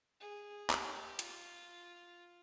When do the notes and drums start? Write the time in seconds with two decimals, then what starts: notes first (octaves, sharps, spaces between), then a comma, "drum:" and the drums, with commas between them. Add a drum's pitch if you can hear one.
0.21 G#4
0.70 G4, drum: clap
1.19 F4, drum: hi-hat